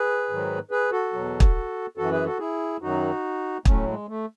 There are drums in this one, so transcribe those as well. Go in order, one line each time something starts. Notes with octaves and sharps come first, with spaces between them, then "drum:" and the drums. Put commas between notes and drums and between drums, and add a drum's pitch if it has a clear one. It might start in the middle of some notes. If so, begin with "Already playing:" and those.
Already playing: G#4 B4
G#2 D#3 F#3
G#4 B4
F#4 A4
E2 B2 F#3
drum: kick
F#2 E3 F#4 A4
G#4 B4
F#4 A4
E4 G#4
F#2 D#3 F#3 D#4 F#4
A2 F#3 A3 C#4, drum: kick
G#3
A3